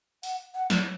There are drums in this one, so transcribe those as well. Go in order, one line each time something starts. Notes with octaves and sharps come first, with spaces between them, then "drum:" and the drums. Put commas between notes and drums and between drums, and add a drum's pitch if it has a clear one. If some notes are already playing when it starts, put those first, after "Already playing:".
F#5, drum: open hi-hat
F#5
drum: snare